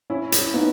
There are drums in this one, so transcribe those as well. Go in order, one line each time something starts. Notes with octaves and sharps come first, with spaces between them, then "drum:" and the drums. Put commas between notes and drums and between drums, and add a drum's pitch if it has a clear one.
C#4 E4
drum: hi-hat
B3 D#4